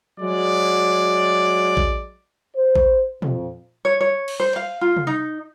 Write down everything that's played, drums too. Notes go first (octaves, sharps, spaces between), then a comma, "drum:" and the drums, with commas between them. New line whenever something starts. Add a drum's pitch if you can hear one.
F#3 G#3 D5
drum: kick A1
C5
drum: kick A1
F2, drum: tom
C#5
C#5
drum: cymbal
C5
F5
F4
drum: tom C3
D#4